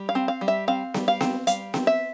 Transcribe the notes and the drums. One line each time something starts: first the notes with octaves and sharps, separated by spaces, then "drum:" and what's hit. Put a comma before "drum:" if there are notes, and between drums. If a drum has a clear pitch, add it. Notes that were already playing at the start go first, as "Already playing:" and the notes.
Already playing: G3
F5
C4
F5
G3
E5
C4 F5
G3, drum: snare B3
F5
C4, drum: snare B3
G3 F5, drum: hi-hat
C4, drum: snare B3
E5